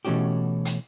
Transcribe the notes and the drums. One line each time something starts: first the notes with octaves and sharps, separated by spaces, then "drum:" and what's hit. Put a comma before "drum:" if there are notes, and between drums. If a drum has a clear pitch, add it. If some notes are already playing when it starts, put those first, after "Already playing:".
B2 E3 A3 C#4 F#4 G4
drum: hi-hat